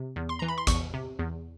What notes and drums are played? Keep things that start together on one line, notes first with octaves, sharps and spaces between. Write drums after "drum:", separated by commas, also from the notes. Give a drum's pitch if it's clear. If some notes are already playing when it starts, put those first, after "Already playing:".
Already playing: C3
E2
C6
E3 A#5
B5
C6
E2 C#6, drum: kick, hi-hat
C3
E2